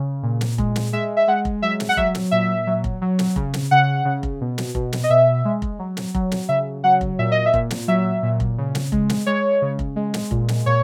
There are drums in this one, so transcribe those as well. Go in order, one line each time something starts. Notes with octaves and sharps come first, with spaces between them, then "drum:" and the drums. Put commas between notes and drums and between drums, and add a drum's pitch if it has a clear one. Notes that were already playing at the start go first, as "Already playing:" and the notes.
Already playing: C#3
A#2
drum: snare
G#3, drum: kick F1
drum: snare
G#3 E5
E5
G#3 F#5
drum: kick F1
F#3 E5
drum: snare
F#5
F#3 E5, drum: kick F1
drum: snare
A#2 E5
F#3
drum: kick F1
F#3
drum: snare
C#3, drum: kick F1
drum: snare
C#3 F#5
C#3
drum: kick F1
B2
drum: snare
B2, drum: kick F1
drum: snare
D#5
B2 E5
G#3
drum: kick F1
F#3
drum: snare
F#3, drum: kick F1
drum: snare
C#3 E5
F#3 F#5
drum: kick F1
A#2 E5
D#5
E5
A#2, drum: kick F1
drum: snare
F#3 E5
A#2
drum: kick F1
C#3
drum: snare
G#3, drum: kick F1
drum: snare
G#3 C#5
C#3
drum: kick F1
G#3
drum: snare
A#2, drum: kick F1
drum: snare
A#2 C#5